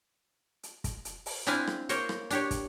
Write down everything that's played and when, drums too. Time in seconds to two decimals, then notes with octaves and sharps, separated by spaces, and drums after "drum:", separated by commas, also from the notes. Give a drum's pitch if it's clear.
0.63 drum: hi-hat
0.84 drum: kick, hi-hat
1.05 drum: hi-hat
1.26 drum: open hi-hat
1.47 C4 D4 E4 F4 F5 G#5, drum: hi-hat
1.67 drum: rim click
1.89 A#3 A#4 C5 C#5, drum: hi-hat
2.09 drum: rim click
2.30 D4 G4 C#5, drum: hi-hat
2.51 drum: kick, hi-hat